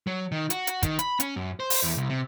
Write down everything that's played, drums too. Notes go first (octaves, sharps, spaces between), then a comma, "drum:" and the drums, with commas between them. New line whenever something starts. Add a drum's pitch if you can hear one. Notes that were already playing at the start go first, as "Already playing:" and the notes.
F#3
D#3
F#4, drum: hi-hat
drum: hi-hat
D#3, drum: kick, hi-hat
B5, drum: hi-hat
C#4, drum: hi-hat
F#2
C5
drum: open hi-hat
E2
C2
C3